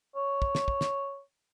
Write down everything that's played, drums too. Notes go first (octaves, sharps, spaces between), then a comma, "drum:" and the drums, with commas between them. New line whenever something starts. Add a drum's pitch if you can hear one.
C#5
drum: kick
drum: snare
drum: kick
drum: snare